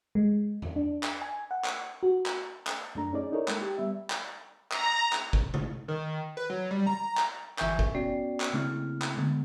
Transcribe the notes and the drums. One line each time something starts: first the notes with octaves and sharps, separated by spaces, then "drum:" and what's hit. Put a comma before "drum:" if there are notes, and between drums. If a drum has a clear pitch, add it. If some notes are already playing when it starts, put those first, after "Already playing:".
G#3
drum: tom E2
D4
drum: clap
G#5
F#5
drum: clap
F#4
drum: clap
drum: clap
F#2 A3 D4 A#5
C#4 D#4 G#4 D5
D#4 E4 A4 A#4 C#5
G#3 A#3, drum: clap
G4
G3 B3 E5
drum: clap
A#5, drum: clap
drum: clap
drum: kick
drum: tom C3
D#3
B4
F#3
G3
A#5
drum: clap
G1 E3 E5 G#5 C#6 G6, drum: clap
drum: kick
B3 C#4 F#4 D5 G5 C7
drum: clap
C#3 A3 A#3 C4 E4 F6
drum: clap
D3 G#3 B3